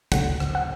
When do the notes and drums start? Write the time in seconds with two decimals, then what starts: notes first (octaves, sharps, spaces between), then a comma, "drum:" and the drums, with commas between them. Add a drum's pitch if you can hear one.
0.12 D2 D3 F#3 F#5, drum: kick, hi-hat
0.40 drum: rim click
0.55 F#5